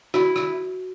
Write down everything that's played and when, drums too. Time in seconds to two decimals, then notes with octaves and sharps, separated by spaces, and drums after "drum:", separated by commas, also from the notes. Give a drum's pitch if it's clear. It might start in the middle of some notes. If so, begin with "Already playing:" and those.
0.14 E4 F#4, drum: rim click
0.36 drum: rim click